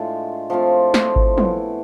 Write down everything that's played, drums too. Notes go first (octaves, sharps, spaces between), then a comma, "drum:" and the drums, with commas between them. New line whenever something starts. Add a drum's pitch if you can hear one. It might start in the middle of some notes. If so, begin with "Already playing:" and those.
Already playing: A2 G#3 D4 F4 E5
F3 A3 C4 F4 F5
drum: snare
drum: kick G#1
A2 E3 B3 E4, drum: tom